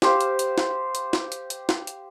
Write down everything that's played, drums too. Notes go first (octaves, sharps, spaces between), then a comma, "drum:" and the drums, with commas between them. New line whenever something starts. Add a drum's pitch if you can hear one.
G4 C5 F5, drum: snare
drum: hi-hat
drum: hi-hat
drum: snare
drum: hi-hat
drum: snare
drum: hi-hat
drum: hi-hat
drum: snare
drum: hi-hat